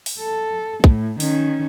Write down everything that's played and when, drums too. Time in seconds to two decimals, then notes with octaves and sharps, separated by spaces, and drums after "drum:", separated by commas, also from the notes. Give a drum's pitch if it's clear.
0.06 drum: open hi-hat
0.20 A4
0.84 A2, drum: kick
1.20 D#3 C#4, drum: open hi-hat